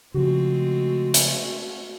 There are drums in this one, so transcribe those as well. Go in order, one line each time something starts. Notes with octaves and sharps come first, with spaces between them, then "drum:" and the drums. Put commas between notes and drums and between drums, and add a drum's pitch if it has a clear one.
C#3 F3 G#3 A3 C4 F#4
drum: hi-hat